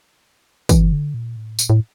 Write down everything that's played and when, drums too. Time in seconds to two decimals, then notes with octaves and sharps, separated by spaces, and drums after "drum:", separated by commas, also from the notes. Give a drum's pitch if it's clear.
0.69 E3, drum: kick, tambourine
0.92 D3
1.14 A#2
1.36 A2
1.59 A#2, drum: tambourine
1.70 A2